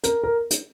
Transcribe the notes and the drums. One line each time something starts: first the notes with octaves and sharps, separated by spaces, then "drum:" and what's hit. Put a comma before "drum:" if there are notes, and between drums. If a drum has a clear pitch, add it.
A#4, drum: hi-hat
A#4
drum: hi-hat